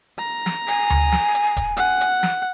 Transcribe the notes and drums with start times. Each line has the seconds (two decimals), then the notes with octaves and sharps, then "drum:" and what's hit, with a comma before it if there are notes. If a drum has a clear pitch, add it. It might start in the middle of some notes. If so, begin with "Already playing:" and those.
0.19 A#5
0.46 drum: snare
0.68 G#5, drum: hi-hat
0.90 drum: tom D2
1.12 drum: snare
1.34 drum: hi-hat
1.57 drum: kick D#1, hi-hat
1.77 F#5, drum: hi-hat
2.01 drum: hi-hat
2.23 drum: snare